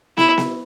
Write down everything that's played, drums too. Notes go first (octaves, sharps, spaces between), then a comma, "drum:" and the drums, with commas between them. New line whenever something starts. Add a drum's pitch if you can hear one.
E4, drum: snare
drum: snare